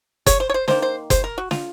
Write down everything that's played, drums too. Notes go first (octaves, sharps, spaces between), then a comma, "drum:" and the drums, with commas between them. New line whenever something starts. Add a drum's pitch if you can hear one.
C#5, drum: kick F#1, hi-hat
C5
C#5
C5
D#3 A#3 C5, drum: snare
C5
C5, drum: kick F#1, hi-hat
A#4
F#4
F4, drum: snare